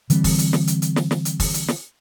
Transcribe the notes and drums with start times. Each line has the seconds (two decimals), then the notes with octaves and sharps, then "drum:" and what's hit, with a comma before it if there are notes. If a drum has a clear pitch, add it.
0.10 D3 E3 G3 C4, drum: hi-hat
0.24 drum: kick, open hi-hat
0.39 drum: hi-hat
0.53 drum: snare
0.67 drum: hi-hat
0.82 drum: hi-hat
0.96 drum: snare
1.11 drum: snare
1.25 drum: hi-hat
1.40 drum: kick, open hi-hat
1.54 drum: hi-hat
1.68 drum: snare